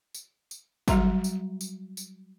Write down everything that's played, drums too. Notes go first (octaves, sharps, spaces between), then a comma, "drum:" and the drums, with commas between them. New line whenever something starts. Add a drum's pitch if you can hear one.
drum: tambourine
drum: tambourine
F#3 G3 F#4 E5 A#5 C6, drum: kick G#1, tambourine
drum: tambourine
drum: tambourine
drum: tambourine